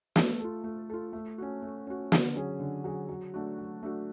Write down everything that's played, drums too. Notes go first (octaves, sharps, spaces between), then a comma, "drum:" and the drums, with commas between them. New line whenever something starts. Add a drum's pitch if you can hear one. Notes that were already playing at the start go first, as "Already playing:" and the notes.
A3, drum: snare
F4 A4
A3
F4 A4
A3
C#4 F#4
A3
C#4 F#4
D3, drum: snare
F#3 C#4 G#4
D3
F#3 C#4 G#4
F#3
A3 D4 F#4
F#3
A3 D4 F#4